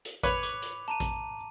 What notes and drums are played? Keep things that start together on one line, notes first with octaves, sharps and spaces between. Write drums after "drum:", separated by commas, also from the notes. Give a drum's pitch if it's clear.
drum: hi-hat
B4 C#5 D6 F7, drum: kick A1, hi-hat
D6, drum: hi-hat
drum: hi-hat
A5 A#5 D#7
drum: kick A1, hi-hat